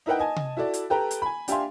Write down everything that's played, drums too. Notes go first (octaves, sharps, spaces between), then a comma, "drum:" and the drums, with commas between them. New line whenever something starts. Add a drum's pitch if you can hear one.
D#4 E4 A#4 B4 F#5 G5
D#5 G#5 A5
drum: tom C3
E4 F#4 A4 D5
drum: hi-hat
G4 A4 B4 G5 A#5
drum: hi-hat
G#5 B5
D4 G4 E5 F5 G#5 C6, drum: hi-hat